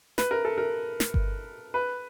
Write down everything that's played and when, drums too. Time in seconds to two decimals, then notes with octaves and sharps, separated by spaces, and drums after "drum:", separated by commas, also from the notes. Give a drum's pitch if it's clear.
0.18 B4, drum: snare
0.31 A#4
0.45 A4
0.58 A#4
1.00 drum: snare
1.14 drum: kick G1
1.74 B4